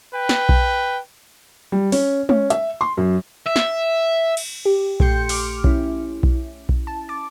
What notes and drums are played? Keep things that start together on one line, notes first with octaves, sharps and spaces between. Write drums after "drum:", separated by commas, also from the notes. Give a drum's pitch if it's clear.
B4 G5
drum: snare
drum: kick B1
G3
C#4, drum: open hi-hat
C#4, drum: tom G#3
E5, drum: hi-hat
C6
F#2
E5
drum: snare
drum: cymbal
G4
A#1 A3 G4 C6 G6 C#7, drum: kick B1
D6 F6, drum: open hi-hat
C#4 E4, drum: kick B1
drum: kick B1
drum: kick B1
A5
A5 D6